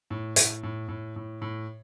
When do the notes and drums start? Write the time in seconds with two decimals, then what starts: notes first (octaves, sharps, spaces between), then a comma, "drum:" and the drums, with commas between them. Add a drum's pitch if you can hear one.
0.10 A2
0.36 A2, drum: hi-hat
0.63 A2
0.88 A2
1.16 A2
1.42 A2